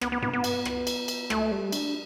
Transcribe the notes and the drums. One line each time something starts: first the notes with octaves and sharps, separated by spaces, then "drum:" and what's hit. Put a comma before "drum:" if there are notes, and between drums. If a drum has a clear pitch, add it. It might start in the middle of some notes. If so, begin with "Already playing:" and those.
B3, drum: rim click
B3
B3, drum: tom G2
B3
drum: cymbal
drum: rim click
drum: cymbal
drum: cymbal
A3, drum: rim click
G3
D4, drum: cymbal